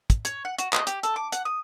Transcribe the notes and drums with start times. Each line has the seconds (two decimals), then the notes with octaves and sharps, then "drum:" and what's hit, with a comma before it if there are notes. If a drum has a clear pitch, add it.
0.10 drum: kick, hi-hat
0.25 C#5, drum: hi-hat
0.45 F#5
0.59 F#4, drum: hi-hat
0.73 D#5, drum: clap
0.87 G4, drum: hi-hat
1.03 A4, drum: hi-hat
1.16 D6
1.32 F#5, drum: hi-hat
1.45 D#6